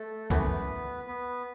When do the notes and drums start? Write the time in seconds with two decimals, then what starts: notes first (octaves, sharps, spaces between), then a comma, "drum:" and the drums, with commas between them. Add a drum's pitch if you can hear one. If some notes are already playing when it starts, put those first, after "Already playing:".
Already playing: A3 A4
0.30 F#2 E3 A3 B3 B4, drum: kick C2
1.07 B3 B4